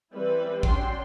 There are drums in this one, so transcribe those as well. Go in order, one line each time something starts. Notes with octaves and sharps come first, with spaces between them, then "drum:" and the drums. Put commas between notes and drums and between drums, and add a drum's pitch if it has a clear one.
E3 G3 C4 E4 B4
F#3 C#4 D4 G5 C6, drum: kick